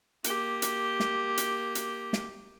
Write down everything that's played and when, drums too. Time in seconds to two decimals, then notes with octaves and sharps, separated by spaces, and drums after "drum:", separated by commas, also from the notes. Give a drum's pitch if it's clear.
0.24 A#3 G4, drum: hi-hat
0.62 drum: hi-hat
1.00 drum: snare
1.38 drum: hi-hat
1.75 drum: hi-hat
2.13 drum: snare